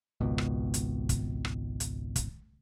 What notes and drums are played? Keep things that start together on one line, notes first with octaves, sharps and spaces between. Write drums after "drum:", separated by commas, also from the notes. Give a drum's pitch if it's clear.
G#1 C#2 B2
drum: rim click
drum: hi-hat
drum: kick, hi-hat
drum: rim click
drum: hi-hat
drum: kick, hi-hat